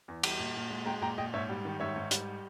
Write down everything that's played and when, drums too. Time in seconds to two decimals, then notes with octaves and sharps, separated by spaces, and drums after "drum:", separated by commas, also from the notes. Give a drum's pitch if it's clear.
0.08 E2
0.23 G3, drum: cymbal
0.39 A#2
0.55 A#2
0.70 G#3
0.86 G#3 G5 A#5
1.02 A#2 G5 A#5
1.18 A#2 D#5 G5
1.34 G#2 C#5 E5
1.49 G3
1.65 D#3
1.80 G#2 C#5 E5
1.96 G#2
2.11 G3, drum: hi-hat